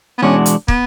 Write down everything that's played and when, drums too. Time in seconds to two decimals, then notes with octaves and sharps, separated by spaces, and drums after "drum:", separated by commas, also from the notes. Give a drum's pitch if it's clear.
0.18 B3
0.22 E2 B2 G#3 C#4 D4 F#4
0.46 drum: hi-hat
0.68 B3, drum: kick